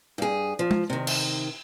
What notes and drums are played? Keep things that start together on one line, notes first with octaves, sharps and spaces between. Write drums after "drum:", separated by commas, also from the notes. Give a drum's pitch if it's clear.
G2 G#4
F3
drum: tom
C3 D#3
drum: cymbal